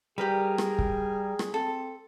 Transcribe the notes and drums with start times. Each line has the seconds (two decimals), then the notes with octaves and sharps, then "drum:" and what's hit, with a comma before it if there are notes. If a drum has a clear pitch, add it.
0.18 G3 G4 G#4 A#4 B4
0.58 drum: rim click
0.79 drum: kick
1.39 drum: rim click
1.54 C4 A4